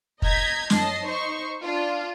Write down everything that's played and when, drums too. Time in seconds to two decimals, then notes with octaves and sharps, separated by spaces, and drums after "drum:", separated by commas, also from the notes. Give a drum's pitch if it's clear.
0.22 D#5 A#5 G6 G#6 B6, drum: kick
0.70 F#2 D#5 A5 C7, drum: snare
1.04 D#4 C5 C#6
1.63 D4 F4